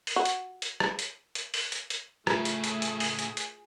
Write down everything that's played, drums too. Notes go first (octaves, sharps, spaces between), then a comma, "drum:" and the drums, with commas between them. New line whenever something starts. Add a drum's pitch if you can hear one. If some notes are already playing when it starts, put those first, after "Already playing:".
drum: open hi-hat
F#4
drum: hi-hat
drum: hi-hat
drum: rim click
drum: hi-hat
drum: hi-hat
drum: open hi-hat
drum: hi-hat
drum: hi-hat
A2 C#3 A3 E4 F4 G#4, drum: rim click
drum: hi-hat
drum: hi-hat
drum: hi-hat
drum: open hi-hat
drum: hi-hat
drum: hi-hat